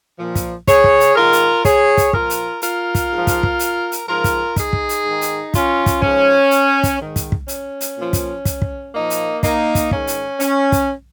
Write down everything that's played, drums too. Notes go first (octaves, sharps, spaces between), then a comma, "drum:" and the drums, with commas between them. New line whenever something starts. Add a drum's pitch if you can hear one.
A#2 F3
drum: kick, hi-hat
G#4 C#5, drum: kick, hi-hat
drum: kick
drum: hi-hat
G#2 D#3 F4 A#4
drum: hi-hat
G#4 C#5, drum: kick, hi-hat
drum: kick, hi-hat
A#2 F3 F4 A#4, drum: kick
drum: hi-hat
F4 A#4, drum: hi-hat
drum: kick, hi-hat
G#2 F3
drum: kick, hi-hat
drum: kick
drum: hi-hat
drum: hi-hat
G#2 F3 F4 A#4
drum: kick, hi-hat
D#4 G#4, drum: kick, hi-hat
drum: kick
drum: hi-hat
G#2 D#3
drum: hi-hat
C#4 F4, drum: kick, hi-hat
drum: kick, hi-hat
G#2 F3 C#4, drum: kick
drum: hi-hat
drum: kick, hi-hat
G#2 D#3
drum: kick, hi-hat
drum: kick
C#4, drum: hi-hat
drum: hi-hat
A#2 F3
drum: kick, hi-hat
drum: kick, hi-hat
drum: kick
A#2 F3 A#3 D#4
drum: hi-hat
A#3 D#4, drum: kick, hi-hat
drum: kick, hi-hat
G#2 D#3 C#4, drum: kick
drum: hi-hat
C#4, drum: hi-hat
drum: kick, hi-hat